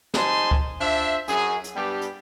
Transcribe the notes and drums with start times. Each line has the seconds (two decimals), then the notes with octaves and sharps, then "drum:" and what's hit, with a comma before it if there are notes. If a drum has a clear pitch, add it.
0.14 G3 D#4 C5 G#5 A5 C6, drum: snare
0.51 drum: kick C#2
0.81 D4 F4 C5 E5
1.28 F#2 G#4, drum: hi-hat
1.64 drum: hi-hat
1.75 G2 G3 B3 G4
2.02 drum: hi-hat